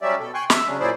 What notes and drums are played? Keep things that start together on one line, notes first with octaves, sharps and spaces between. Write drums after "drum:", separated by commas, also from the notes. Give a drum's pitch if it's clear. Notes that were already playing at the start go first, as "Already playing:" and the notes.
F#3 G3 C#4 G4 D5 E5
B2 A4
G5 G#5 C6 C#6 F#6
E5 E6, drum: snare
C#3 F#3 C#4 D4
A#2 F#3 E4 G#4 C5 D5